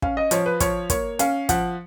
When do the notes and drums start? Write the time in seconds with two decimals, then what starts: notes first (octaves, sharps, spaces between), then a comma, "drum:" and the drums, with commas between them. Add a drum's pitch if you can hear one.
0.02 C#4 F5, drum: kick
0.17 D#5
0.31 F3 C#5, drum: hi-hat
0.46 B4
0.60 F3 C#5, drum: kick, hi-hat
0.90 A#3 C#5, drum: kick, hi-hat
1.19 C#4 F5, drum: hi-hat
1.49 F3 F#5, drum: kick, hi-hat